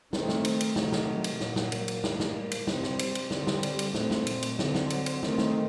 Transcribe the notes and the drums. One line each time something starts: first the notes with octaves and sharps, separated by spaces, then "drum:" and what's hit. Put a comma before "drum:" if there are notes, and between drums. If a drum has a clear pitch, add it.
D#3 A3 C4, drum: snare
drum: snare
drum: cymbal
drum: cymbal
C3 D#3 F#3 A3, drum: snare
drum: snare
drum: cymbal
A#2 F#3 A#3, drum: snare
drum: snare
drum: cymbal
drum: cymbal
A2 G3 A#3, drum: snare
drum: snare
drum: cymbal
C3 G3 C4, drum: snare
drum: snare
drum: cymbal
drum: cymbal
D3 G3 C4, drum: snare
drum: snare
drum: cymbal
drum: cymbal
A#2 A3 C4, drum: snare
drum: snare
drum: cymbal
drum: cymbal
D3 F#3 C4, drum: snare
drum: snare
drum: cymbal
drum: cymbal
D#3 A3 C4, drum: snare
drum: snare